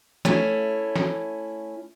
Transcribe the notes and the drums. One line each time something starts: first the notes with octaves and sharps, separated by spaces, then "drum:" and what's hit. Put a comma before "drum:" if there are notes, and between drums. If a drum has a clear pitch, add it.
A3 C#4 E4, drum: snare
drum: snare